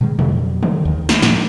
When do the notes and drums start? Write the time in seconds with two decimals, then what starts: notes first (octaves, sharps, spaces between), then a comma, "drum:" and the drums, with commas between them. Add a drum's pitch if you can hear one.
0.01 B2 D#3 G3 G#3
0.19 F2 B2 F#3 G3, drum: tom A#2
0.63 drum: tom
0.85 D#2 D#3
1.09 drum: snare
1.22 A2 F3 G#3 A#3, drum: snare